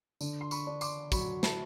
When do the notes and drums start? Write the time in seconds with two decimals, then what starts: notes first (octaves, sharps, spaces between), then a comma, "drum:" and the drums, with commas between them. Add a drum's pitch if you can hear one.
0.21 D3, drum: tambourine
0.41 C6
0.51 B5 C#6, drum: tambourine
0.67 D4
0.81 C6 D6, drum: tambourine
1.12 F#3 B5 C#6, drum: kick, tambourine
1.43 A5 B5, drum: snare